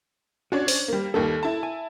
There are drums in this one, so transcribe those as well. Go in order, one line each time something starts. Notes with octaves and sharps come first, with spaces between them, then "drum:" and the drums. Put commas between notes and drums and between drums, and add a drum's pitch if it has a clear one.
C#4 D4 F#4 C#5
C5, drum: open hi-hat
G3 A#3
D#2 G3 A#3 A4
E4 A5
G#5